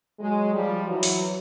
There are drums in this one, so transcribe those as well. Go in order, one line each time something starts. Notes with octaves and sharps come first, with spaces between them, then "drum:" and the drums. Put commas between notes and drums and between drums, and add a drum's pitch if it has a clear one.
F#3 G#3
F3 G3
E3 F#3
drum: open hi-hat